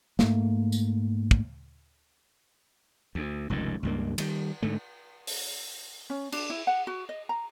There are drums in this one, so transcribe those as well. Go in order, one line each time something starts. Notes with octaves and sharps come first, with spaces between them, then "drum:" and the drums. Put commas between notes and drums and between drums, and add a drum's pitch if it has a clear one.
G#2 A3 A#3, drum: snare
drum: tambourine
drum: kick
D2
F1 C#2 G2 D#3
C#2 G2 A#3
D#3 G3, drum: cymbal
G#2 D3 A3
drum: open hi-hat
C#4
D4, drum: cymbal
E4
F#5
F#4
D#5
A#5